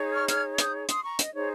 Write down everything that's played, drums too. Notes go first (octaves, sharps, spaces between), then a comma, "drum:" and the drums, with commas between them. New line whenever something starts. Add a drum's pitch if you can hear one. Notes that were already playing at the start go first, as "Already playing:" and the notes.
Already playing: D#4 G#4 C#5
C#6 F6
F6 G#6, drum: hi-hat
D#6 G6, drum: hi-hat
C6 D#6, drum: hi-hat
A#5 C#6
D#5, drum: hi-hat
D#4 G#4 C5 C#5